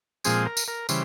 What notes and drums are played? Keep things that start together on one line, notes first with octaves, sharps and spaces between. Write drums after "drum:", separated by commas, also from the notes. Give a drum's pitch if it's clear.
A#2 F3 G#3 C4 G#4, drum: tambourine
A#4
drum: tambourine
A#4
C#3 E3 G3 C5, drum: tambourine